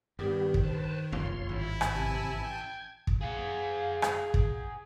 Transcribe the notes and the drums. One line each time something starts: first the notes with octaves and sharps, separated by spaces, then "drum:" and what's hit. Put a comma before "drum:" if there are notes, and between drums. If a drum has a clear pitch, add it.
G2 D#3 G3 B3 G4
drum: kick
B4 C5 A5
F1 A#1 F#2 F4 C#5 C6
G#1 G2 E4
drum: rim click
A1 C3 G#5 A5
G5 G#6
drum: kick
G#4 F5 F#5
drum: rim click
drum: kick